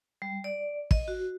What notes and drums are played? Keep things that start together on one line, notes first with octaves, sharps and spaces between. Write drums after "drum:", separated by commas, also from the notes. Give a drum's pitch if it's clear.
G3
D5
D#5, drum: kick
F#4